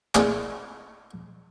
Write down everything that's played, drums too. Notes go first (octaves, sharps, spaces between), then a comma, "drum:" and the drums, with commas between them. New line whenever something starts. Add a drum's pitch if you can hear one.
D#3 A#3 C4 D4 E4 G#4, drum: clap